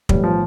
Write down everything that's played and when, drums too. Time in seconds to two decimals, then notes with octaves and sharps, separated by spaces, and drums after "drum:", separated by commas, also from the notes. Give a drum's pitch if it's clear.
0.09 B1 A2 E3 G3, drum: kick
0.24 F3